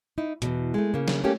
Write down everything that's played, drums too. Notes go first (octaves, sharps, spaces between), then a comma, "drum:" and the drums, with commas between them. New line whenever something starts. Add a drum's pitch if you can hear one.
D#4 E4
E2 G2 B2, drum: hi-hat
G#3 A3
C#3 A#3
drum: snare
A3 A#3 C#4 G4